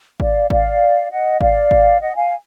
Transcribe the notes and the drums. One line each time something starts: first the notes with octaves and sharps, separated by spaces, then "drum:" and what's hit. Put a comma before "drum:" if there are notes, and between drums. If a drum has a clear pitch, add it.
D5 F5, drum: kick G#1
D5 F5, drum: kick G#1
D#5 F#5
D5 F5, drum: kick G#1
drum: kick G#1
D#5 F#5
F5 G#5